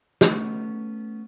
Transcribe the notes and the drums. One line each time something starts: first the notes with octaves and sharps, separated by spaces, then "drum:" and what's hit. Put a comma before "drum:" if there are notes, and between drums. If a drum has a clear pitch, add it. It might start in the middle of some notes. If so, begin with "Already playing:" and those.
A3 B3 C#4, drum: snare